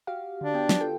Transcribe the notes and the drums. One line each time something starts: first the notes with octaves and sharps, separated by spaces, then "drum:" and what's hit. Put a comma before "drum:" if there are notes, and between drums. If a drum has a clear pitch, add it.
F#4 G4 F5
D3 D4
B3 G5
drum: snare
F4 A4 G5